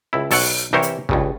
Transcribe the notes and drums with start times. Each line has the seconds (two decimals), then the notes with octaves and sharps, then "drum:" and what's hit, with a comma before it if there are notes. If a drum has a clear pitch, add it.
0.13 C#2 E4
0.31 B1 A4 C#5 F#5, drum: open hi-hat
0.73 C2 E3 G4 A#4 C5 C#5
0.82 drum: hi-hat
1.09 C#2 G2 C#3, drum: kick